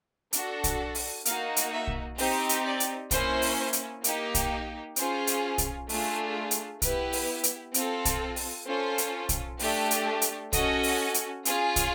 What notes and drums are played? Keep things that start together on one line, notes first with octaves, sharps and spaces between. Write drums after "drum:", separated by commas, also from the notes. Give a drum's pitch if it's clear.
D4 F#4 A4, drum: hi-hat
drum: kick, hi-hat
drum: open hi-hat
A#3 D#4 F#4 F5, drum: hi-hat
drum: hi-hat
E5
drum: kick
C4 D#4 G4 C5, drum: open hi-hat
drum: hi-hat
D5
drum: hi-hat
A#3 C#4 E4 C5, drum: kick, hi-hat
drum: open hi-hat
drum: hi-hat
A#3 D#4 G4, drum: hi-hat
drum: kick, hi-hat
C#4 F4 G#4 C5, drum: hi-hat
drum: hi-hat
drum: kick, hi-hat
A3 D4 F4 G#4, drum: open hi-hat
drum: hi-hat
B3 E4 G4 B4, drum: kick, hi-hat
drum: open hi-hat
drum: hi-hat
C4 F4 A4, drum: hi-hat
drum: kick, hi-hat
drum: open hi-hat
C#4 F4 A4 C5
drum: hi-hat
drum: kick, hi-hat
A3 D4 G4, drum: open hi-hat
drum: hi-hat
drum: hi-hat
C#4 F#4 A4 D#5, drum: kick, hi-hat
drum: open hi-hat
drum: hi-hat
C#4 F4 G#4, drum: hi-hat
drum: kick, hi-hat